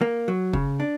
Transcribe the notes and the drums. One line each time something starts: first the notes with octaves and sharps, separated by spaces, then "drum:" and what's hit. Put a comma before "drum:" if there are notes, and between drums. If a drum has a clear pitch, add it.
A#3
F#3
C#3, drum: kick
D4